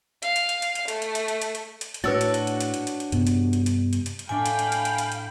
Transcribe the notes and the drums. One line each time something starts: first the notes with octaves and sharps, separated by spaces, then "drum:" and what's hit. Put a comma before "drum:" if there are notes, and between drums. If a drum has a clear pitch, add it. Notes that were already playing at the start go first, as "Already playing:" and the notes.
F5, drum: hi-hat
drum: hi-hat
drum: hi-hat
drum: hi-hat
drum: hi-hat
A3, drum: hi-hat
drum: hi-hat
drum: hi-hat
drum: hi-hat
drum: hi-hat
drum: hi-hat
drum: hi-hat
drum: hi-hat
A2 D4 F#4 B4 C#5 E6 A6
drum: hi-hat
drum: hi-hat
drum: hi-hat
drum: hi-hat
drum: hi-hat
drum: hi-hat
drum: hi-hat
G2 C3 B3, drum: hi-hat
drum: hi-hat
drum: hi-hat
drum: hi-hat
drum: hi-hat
drum: hi-hat
drum: hi-hat
A2 D4 F5 G5 G#5 B5
drum: hi-hat
drum: hi-hat
drum: hi-hat
drum: hi-hat
drum: hi-hat
drum: hi-hat